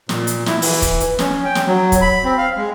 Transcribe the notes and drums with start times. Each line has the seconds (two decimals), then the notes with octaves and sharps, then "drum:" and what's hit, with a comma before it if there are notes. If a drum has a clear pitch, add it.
0.09 A#2, drum: snare
0.27 drum: hi-hat
0.46 E4, drum: snare
0.62 E3, drum: open hi-hat
0.82 drum: kick, hi-hat
1.00 drum: hi-hat
1.19 C#4, drum: snare
1.45 G5
1.55 drum: snare
1.66 F#3
1.92 drum: kick, hi-hat
2.01 B5
2.24 C4
2.38 F5
2.57 G#3